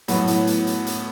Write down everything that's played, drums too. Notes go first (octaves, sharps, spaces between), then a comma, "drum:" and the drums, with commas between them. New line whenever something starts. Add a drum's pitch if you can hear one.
A2 F#3 B3, drum: hi-hat
drum: hi-hat
drum: hi-hat
drum: hi-hat
drum: hi-hat